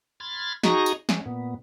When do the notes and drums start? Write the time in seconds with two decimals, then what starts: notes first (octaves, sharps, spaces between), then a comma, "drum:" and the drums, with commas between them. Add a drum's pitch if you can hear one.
0.20 B5 C6 F6 G#6 A6
0.64 D#4 F#4 G#4 D#5 A#5 C#6, drum: snare
0.86 drum: tambourine
1.09 G#3 C#4, drum: snare
1.26 A#2 B3